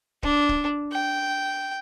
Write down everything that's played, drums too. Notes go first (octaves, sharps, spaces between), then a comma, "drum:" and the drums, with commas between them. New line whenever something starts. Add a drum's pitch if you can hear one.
D4, drum: kick C#1
drum: kick C#1
G5